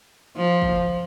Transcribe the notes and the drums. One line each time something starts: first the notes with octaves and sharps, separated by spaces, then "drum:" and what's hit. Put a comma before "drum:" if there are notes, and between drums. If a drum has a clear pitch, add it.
F3
drum: kick